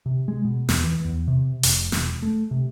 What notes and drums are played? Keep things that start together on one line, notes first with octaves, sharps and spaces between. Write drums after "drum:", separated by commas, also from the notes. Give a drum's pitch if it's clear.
C3
G#3
B2
E2, drum: snare
E3
E2
C3
F1, drum: hi-hat
E1, drum: snare
A3
C3